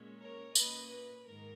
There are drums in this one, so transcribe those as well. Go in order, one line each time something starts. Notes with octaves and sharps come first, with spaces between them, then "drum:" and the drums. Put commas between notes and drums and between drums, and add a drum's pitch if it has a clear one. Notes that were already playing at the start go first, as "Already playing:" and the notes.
Already playing: A#2 G#3 C#4
A#4 C#5
A#2 A#3 C#4 B4 D#5, drum: tambourine
B4
G#2 D#3 A#4